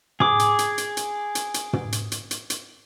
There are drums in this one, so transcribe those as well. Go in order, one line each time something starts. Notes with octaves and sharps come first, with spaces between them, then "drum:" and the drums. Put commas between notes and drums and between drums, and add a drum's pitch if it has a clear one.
G#4 D6, drum: tom
drum: hi-hat
drum: hi-hat
drum: hi-hat
drum: hi-hat
drum: hi-hat
drum: hi-hat
drum: tom
drum: hi-hat
drum: hi-hat
drum: hi-hat
drum: hi-hat